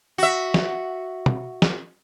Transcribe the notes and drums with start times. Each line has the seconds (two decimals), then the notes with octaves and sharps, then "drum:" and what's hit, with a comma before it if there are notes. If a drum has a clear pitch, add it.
0.18 F#4 E5
0.54 drum: snare
1.26 drum: tom
1.62 drum: snare